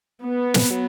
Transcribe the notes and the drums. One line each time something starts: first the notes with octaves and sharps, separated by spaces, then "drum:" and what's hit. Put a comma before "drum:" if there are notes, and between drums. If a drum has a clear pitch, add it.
B3
drum: snare
F#3